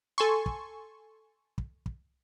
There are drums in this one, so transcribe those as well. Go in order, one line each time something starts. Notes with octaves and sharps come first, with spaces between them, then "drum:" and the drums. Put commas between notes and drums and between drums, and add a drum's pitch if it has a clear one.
A4 G#5 C6 C#6
drum: kick
drum: kick
drum: kick